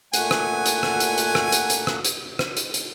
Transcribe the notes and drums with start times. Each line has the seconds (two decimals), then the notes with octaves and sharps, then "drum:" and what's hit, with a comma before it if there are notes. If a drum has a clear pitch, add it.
0.14 A#2 A3 F#5 G#5, drum: hi-hat
0.31 drum: rim click
0.66 drum: hi-hat
0.83 drum: rim click
1.00 drum: hi-hat
1.18 drum: hi-hat
1.35 drum: rim click
1.52 drum: hi-hat
1.70 drum: hi-hat
1.87 drum: rim click
2.05 drum: hi-hat
2.39 drum: rim click
2.57 drum: hi-hat
2.74 drum: hi-hat